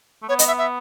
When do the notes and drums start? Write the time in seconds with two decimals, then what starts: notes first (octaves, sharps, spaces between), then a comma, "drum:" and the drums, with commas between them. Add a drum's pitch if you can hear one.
0.23 A3
0.29 B3 C#5
0.39 D#5, drum: hi-hat
0.47 E5
0.58 E5